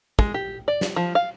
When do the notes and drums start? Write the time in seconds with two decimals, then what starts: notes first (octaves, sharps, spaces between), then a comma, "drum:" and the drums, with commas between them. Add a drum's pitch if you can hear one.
0.19 G#3, drum: kick
0.34 G4
0.68 D5
0.81 drum: snare
0.96 F3
1.15 F5